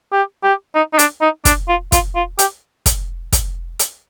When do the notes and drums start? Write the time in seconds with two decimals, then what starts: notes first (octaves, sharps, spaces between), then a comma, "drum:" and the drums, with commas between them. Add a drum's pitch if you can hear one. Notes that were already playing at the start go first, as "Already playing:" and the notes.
0.13 G4
0.44 G4
0.75 D#4
0.94 D#4
0.99 D4, drum: hi-hat
1.22 D#4
1.45 D4, drum: kick, hi-hat
1.68 F4
1.92 F4, drum: kick, hi-hat
2.16 F4
2.39 G4, drum: hi-hat
2.86 drum: kick, hi-hat
3.32 drum: kick, hi-hat
3.79 drum: hi-hat